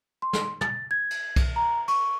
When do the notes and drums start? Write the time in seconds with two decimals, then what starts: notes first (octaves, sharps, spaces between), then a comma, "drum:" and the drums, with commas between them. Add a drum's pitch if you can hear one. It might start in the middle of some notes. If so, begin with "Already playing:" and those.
0.22 C6
0.33 drum: snare
0.61 A6, drum: tom
0.91 G#6
1.11 drum: cymbal
1.36 drum: kick B1, cymbal
1.56 A#5
1.88 C#6, drum: cymbal